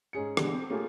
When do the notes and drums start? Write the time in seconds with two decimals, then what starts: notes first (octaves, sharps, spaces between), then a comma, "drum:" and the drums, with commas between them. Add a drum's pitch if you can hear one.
0.13 G#2 C#4 G#4 C#7
0.37 B2 D3 E3 G3 G#3 D4, drum: rim click
0.53 C4
0.70 A3 A#3 C#4 F4 G4 G#4